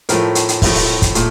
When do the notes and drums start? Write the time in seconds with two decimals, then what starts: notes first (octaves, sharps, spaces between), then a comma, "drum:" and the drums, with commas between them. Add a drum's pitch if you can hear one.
0.09 A2 F3 A3 A#4, drum: hi-hat
0.35 drum: hi-hat
0.49 drum: hi-hat
0.62 A2 F3 A3, drum: kick, open hi-hat
0.75 drum: open hi-hat
1.02 drum: kick, hi-hat
1.15 A#2 A3, drum: hi-hat